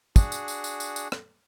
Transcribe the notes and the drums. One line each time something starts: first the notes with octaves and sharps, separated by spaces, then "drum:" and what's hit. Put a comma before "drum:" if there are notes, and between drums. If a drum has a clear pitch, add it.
D4 F#4 G#4, drum: kick, tambourine
drum: tambourine
drum: tambourine
drum: tambourine
drum: tambourine
drum: tambourine
drum: rim click